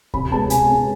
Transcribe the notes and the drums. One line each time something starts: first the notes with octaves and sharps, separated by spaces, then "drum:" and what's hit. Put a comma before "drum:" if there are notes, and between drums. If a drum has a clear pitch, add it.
C3 B5, drum: kick D2
G#3 B3 A5
C3 G#5, drum: hi-hat
G#3 B3